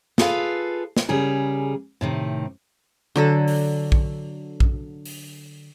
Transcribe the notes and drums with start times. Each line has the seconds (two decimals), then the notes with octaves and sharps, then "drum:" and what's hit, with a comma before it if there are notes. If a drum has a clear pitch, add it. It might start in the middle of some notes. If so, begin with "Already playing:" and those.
0.18 F4 G#4 A4 B4 F5, drum: snare
0.97 drum: snare
1.09 C#3 G3 G#4 A#4
2.01 A2 C3 D#3
3.16 D3 F#3 A4
3.48 drum: open hi-hat
3.92 drum: kick A#1
4.60 drum: kick A#1
5.05 drum: open hi-hat